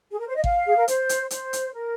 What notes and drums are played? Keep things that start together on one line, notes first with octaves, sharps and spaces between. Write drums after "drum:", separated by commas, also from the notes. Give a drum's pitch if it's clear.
G#4
A#4
C5
D#5
F5, drum: kick
G#4
A#4
C5, drum: hi-hat
drum: hi-hat
C5, drum: hi-hat
drum: hi-hat
A#4